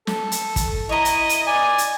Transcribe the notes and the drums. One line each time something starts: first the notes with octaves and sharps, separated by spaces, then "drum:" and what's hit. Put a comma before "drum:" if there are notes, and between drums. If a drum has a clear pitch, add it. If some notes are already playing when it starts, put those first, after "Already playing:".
A4, drum: snare
drum: hi-hat
drum: kick, hi-hat
E4 C#5 D#5 A#5
drum: hi-hat
drum: hi-hat
D5 G#5
drum: hi-hat